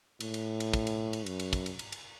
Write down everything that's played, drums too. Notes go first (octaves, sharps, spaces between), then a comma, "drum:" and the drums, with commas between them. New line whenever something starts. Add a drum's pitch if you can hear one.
A2, drum: cymbal
drum: cymbal
drum: cymbal
drum: kick, cymbal
drum: cymbal
drum: cymbal
F#2, drum: cymbal
drum: cymbal
drum: kick, cymbal
drum: cymbal
drum: cymbal
drum: cymbal